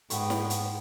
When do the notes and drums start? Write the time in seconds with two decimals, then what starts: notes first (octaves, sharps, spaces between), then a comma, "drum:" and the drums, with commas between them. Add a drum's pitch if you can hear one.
0.10 G#2 B3 G5 C#6, drum: hi-hat
0.30 drum: snare
0.50 drum: hi-hat